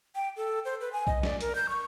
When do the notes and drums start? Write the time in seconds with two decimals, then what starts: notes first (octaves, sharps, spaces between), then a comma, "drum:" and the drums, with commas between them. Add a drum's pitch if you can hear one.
0.16 G5
0.37 A4
0.65 C5
0.81 B4
0.93 G#5
1.07 D#5, drum: kick B1
1.23 D5, drum: snare
1.41 A#4, drum: hi-hat
1.55 G6
1.69 C#6